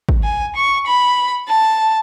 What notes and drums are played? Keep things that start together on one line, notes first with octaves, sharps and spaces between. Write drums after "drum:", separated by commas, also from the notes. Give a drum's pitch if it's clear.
drum: kick
G#5
C#6
B5
A5